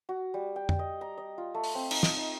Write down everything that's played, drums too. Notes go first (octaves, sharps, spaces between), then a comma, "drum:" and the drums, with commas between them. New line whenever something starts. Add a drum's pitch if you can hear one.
F#4
G3
G5
drum: tom F2
D#5
A#5
D#5
F4
A3
drum: open hi-hat
C4
D#4, drum: cymbal
D#5, drum: snare
D#4